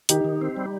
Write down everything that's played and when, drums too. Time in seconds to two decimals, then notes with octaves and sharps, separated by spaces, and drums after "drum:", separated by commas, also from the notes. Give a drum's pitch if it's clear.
0.09 D#3 D#4 G4, drum: hi-hat
0.25 D#3
0.42 C4
0.57 G3